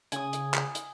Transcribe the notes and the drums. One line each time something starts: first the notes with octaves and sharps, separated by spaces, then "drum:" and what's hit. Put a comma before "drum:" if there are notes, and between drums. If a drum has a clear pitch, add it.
C#3 G#5 D#6, drum: hi-hat
drum: hi-hat
drum: clap
drum: hi-hat